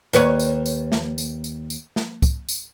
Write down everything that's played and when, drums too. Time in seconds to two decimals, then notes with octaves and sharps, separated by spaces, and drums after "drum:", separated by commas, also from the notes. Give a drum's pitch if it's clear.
0.13 D#2 B4 C#5, drum: tambourine
0.39 drum: tambourine
0.66 drum: tambourine
0.92 drum: snare
1.18 drum: tambourine
1.44 drum: tambourine
1.70 drum: tambourine
1.96 drum: snare
2.22 drum: kick, tambourine
2.49 drum: tambourine